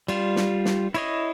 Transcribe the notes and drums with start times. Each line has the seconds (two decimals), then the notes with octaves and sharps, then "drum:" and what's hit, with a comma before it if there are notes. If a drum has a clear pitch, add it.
0.08 G3 F4, drum: cymbal
0.36 drum: snare
0.65 drum: snare
0.94 E4 C#5 D#5, drum: cymbal